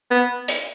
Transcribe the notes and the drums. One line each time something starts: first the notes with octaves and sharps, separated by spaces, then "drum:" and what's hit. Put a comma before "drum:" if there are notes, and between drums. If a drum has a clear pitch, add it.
B3
drum: hi-hat